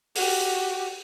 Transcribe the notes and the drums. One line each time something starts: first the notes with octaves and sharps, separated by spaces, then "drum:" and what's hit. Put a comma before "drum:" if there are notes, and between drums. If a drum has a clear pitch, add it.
F#4 G4, drum: open hi-hat